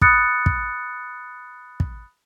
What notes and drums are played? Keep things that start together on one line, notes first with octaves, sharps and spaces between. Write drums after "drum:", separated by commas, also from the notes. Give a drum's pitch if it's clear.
B5 D#6 F#6 A6 C#7, drum: kick
drum: kick
drum: kick